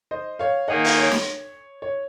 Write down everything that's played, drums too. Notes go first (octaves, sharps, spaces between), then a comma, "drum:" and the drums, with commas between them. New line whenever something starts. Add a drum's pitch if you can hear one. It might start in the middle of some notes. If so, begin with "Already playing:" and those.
C5 D#5
C#5 F5
D#3 A#3 D#4 G#4 D#5 F#5
drum: open hi-hat
C#5
drum: snare
C#5